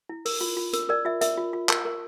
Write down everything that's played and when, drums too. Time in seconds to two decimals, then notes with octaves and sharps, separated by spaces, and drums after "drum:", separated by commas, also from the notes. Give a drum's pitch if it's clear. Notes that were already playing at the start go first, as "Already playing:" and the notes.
0.09 E4
0.25 A#4, drum: open hi-hat
0.41 F4
0.57 F4
0.73 A#4, drum: hi-hat
0.89 A#4 D5
1.05 F4 E5
1.21 A#4 E5, drum: hi-hat
1.37 F4
1.53 F4
1.69 A#4, drum: clap
1.85 A#4